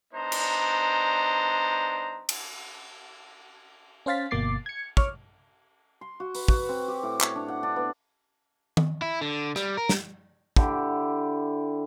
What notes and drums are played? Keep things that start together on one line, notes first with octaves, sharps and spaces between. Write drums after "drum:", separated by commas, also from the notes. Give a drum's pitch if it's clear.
G3 B3 D4 D#4 C5 A#5
drum: cymbal
drum: cymbal
C#4 C5 F5 A6 B6
G1 B2 A#3 D6 A6 C7
G#6 C#7
C#5 C#6 D6 F6, drum: kick
C6
F#4
B4, drum: open hi-hat
F#4, drum: kick
C4
G4
A2
C#5, drum: clap
D4
F#5
D4
B3
drum: tom D#3
E4
D3
G3, drum: rim click
A#4
drum: snare
D3 E4 G4, drum: kick